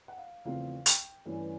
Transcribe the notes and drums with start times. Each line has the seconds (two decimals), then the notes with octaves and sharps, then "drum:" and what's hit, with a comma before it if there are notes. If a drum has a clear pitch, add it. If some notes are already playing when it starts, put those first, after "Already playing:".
0.08 F#5
0.18 F5
0.45 E2 C#3 F3 A3 C4 F5
0.86 G5, drum: hi-hat
1.26 G2 E3 A3 C#4